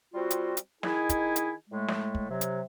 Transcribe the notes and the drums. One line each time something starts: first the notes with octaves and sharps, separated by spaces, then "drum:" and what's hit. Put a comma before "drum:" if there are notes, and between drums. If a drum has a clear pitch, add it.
G3 C4 F4 F#4
drum: hi-hat
drum: hi-hat
D#3 D#4 E4 G#4 G#5, drum: snare
drum: kick, hi-hat
drum: hi-hat
A2 G#3 A3
drum: snare
drum: kick
C3 F#3
drum: hi-hat